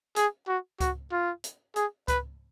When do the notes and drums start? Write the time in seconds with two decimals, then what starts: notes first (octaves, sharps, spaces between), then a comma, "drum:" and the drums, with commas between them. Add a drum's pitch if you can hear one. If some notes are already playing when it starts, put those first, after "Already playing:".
0.16 G#4, drum: hi-hat
0.48 F#4
0.80 F#4, drum: kick C#2, hi-hat
1.12 F4
1.44 drum: hi-hat
1.76 G#4, drum: hi-hat
2.08 B4, drum: kick C#2, hi-hat